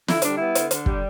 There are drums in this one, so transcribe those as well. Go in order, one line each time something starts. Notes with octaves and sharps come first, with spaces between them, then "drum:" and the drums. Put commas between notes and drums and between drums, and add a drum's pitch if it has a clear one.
D3 E4, drum: snare
G3 D4, drum: hi-hat
B3 E4
D3, drum: hi-hat
D3, drum: hi-hat
G3, drum: kick